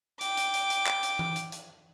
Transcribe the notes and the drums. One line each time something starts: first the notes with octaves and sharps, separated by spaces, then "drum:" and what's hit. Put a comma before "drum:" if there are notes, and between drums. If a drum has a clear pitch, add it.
G5 D6, drum: hi-hat
drum: hi-hat
drum: hi-hat
drum: hi-hat
drum: clap
drum: hi-hat
drum: tom E3
drum: hi-hat
drum: hi-hat